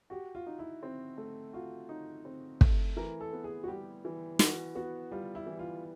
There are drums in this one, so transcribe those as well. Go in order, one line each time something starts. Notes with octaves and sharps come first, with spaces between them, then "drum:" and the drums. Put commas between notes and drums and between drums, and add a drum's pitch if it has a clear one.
F#4 G4
F4
D#4
E4
C4
A3
F4 F#4
D#4
C4
A3, drum: kick
E3 A#4
A4
B3
G#4
F#4
G3 G4
E3
E3 F#4, drum: snare
B3 F#4
G3 F4
E4
E3
F4